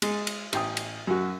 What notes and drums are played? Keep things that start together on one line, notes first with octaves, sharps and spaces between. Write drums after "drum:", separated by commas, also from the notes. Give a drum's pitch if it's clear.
G#3, drum: cymbal
drum: cymbal
A1 G5 D#6, drum: cymbal
drum: cymbal
F#2 F#4